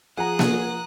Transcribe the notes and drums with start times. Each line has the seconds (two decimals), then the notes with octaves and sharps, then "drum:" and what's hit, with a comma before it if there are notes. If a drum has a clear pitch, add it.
0.17 F3 G#4 F#5 A#5 D#6 F#6
0.39 drum: snare A#3